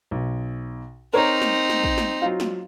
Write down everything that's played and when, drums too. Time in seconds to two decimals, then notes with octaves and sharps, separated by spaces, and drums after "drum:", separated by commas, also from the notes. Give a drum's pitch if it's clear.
0.11 B1
1.14 C4 D#4 A#4 C#5 A#5
1.42 drum: snare
1.70 drum: snare
1.84 drum: kick
1.98 drum: snare
2.22 F#3 F4
2.40 drum: snare